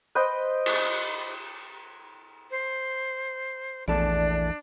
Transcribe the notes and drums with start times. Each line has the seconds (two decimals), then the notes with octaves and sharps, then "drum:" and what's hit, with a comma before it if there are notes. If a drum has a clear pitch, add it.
0.15 B4 C5 D#5 G5
0.66 drum: cymbal
2.51 C5
3.88 A#1 E2 A3 D4 A4 D5